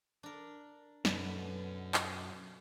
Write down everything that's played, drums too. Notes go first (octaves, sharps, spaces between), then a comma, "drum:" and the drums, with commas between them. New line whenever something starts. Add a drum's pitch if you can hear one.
D4 A#4
F#2 B2 D3 B4, drum: snare
drum: clap